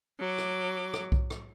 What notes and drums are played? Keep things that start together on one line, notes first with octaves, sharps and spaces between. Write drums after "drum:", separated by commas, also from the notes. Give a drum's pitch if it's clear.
F#3 D6
drum: rim click
drum: rim click
drum: kick B1
drum: rim click